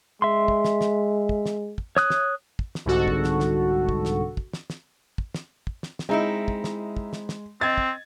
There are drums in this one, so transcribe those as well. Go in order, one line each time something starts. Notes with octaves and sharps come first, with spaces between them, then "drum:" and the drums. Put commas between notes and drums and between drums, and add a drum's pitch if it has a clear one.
G#3 E5 C6
drum: kick
drum: snare
drum: snare
drum: kick
drum: snare
drum: kick
C#5 D#6 F#6, drum: snare
drum: snare
drum: kick
drum: snare
C2 G#2 D3 F#4 A4
drum: kick
drum: snare
drum: snare
drum: kick
drum: snare
drum: kick
drum: snare
drum: snare
drum: kick
drum: snare
drum: kick
drum: snare
drum: snare
G#3 C4 D#4 E4 D#5 E5 A#5
drum: kick
drum: snare
drum: kick
drum: snare
drum: snare
C4 D#5 G#6 A6
drum: kick